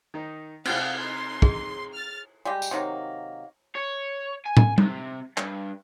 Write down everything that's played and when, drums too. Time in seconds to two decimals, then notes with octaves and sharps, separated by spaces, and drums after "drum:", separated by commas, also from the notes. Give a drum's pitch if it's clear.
0.14 D#3 D#4
0.65 C3 C4 F5 F#5 G6, drum: cymbal
1.00 D#4 C6
1.42 G#4, drum: kick
1.94 F6 A6
2.45 G3 G#3 G4
2.62 drum: tambourine
2.71 C3 D#3 F#3 A#3
3.76 C#5
4.46 G#5
4.57 drum: tom
4.78 C3, drum: tom G3
5.38 G2, drum: clap